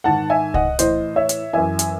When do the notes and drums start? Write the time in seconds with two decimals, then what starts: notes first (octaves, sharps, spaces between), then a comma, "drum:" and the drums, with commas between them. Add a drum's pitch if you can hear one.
0.04 G#2 D#3 F#5 A5
0.30 E5 G#5
0.54 D#5 F#5, drum: kick C2
0.79 A2 E3 C5 D#5, drum: hi-hat
1.16 C#5 E5
1.29 drum: hi-hat
1.53 F#2 E3 E5 G#5
1.79 drum: hi-hat